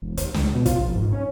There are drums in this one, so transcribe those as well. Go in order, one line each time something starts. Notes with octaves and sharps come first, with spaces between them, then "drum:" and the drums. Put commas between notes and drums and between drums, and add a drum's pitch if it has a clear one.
E1
D#2, drum: hi-hat
C#2, drum: snare
B2
F4, drum: kick, hi-hat
A#1
G#2
C#4